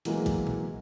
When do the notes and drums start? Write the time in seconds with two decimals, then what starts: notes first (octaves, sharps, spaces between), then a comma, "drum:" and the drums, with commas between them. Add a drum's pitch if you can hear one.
0.05 E3 F#3 G#3 A#3 G#4, drum: hi-hat
0.26 drum: kick A#1, hi-hat
0.47 drum: tom A#2